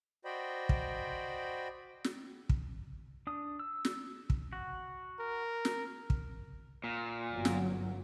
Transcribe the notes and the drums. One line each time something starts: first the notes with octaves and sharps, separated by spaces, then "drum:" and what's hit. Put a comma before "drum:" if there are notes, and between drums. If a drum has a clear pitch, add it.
F#4 C5 D5 D#5 G5 B5
drum: kick
drum: snare
drum: kick
D4 D#6
E6
drum: snare
drum: kick
F#4
A#4
drum: snare
drum: kick
A#2
G1 F#3
drum: snare